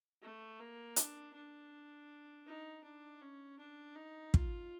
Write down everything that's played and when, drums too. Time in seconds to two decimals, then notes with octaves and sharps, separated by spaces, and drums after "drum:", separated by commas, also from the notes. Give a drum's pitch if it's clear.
0.22 A3
0.59 A#3
0.96 D4, drum: hi-hat
1.34 D4
2.46 D#4
2.84 D4
3.21 C#4
3.59 D4
3.96 D#4
4.34 F4, drum: kick